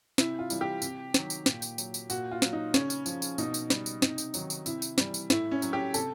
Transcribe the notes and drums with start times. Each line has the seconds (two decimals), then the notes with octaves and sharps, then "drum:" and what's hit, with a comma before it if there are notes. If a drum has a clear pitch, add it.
0.18 C3 E4, drum: snare
0.39 F4
0.50 E3 G3, drum: tambourine
0.61 G4
0.82 C3, drum: tambourine
1.14 D#3 F#3, drum: snare
1.30 drum: tambourine
1.46 A#2, drum: snare
1.62 drum: tambourine
1.78 F#3, drum: tambourine
1.94 drum: tambourine
2.10 A#2 F#4, drum: tambourine
2.32 F4
2.42 F#3, drum: snare
2.53 D#4
2.74 C#3 C#4, drum: snare
2.90 drum: tambourine
3.06 F3, drum: tambourine
3.22 drum: tambourine
3.38 B2 D#4, drum: tambourine
3.54 drum: tambourine
3.70 G3, drum: snare
3.86 drum: tambourine
4.02 C3 D#4, drum: snare
4.18 drum: tambourine
4.34 D#3 F#3, drum: tambourine
4.50 drum: tambourine
4.66 C3 E4, drum: tambourine
4.82 drum: tambourine
4.98 E3 G3, drum: snare
5.14 drum: tambourine
5.30 A2 E4, drum: snare
5.51 C#4
5.62 F#3, drum: tambourine
5.73 G4
5.94 C3 A4, drum: tambourine